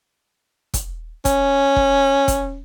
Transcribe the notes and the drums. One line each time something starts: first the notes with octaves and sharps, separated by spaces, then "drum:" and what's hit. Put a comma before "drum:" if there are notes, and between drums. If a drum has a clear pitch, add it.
drum: kick, hi-hat
C#4, drum: kick, hi-hat
drum: kick
drum: kick, hi-hat